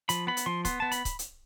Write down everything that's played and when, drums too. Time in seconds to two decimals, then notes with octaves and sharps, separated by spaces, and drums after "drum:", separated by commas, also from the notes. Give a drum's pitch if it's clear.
0.09 F3 B5, drum: hi-hat
0.27 B3 B5
0.37 drum: hi-hat
0.46 F3 C6
0.65 B3 C6, drum: kick C#1, hi-hat
0.80 B3 A5
0.92 B5, drum: hi-hat
1.05 drum: kick C#1, hi-hat
1.19 drum: hi-hat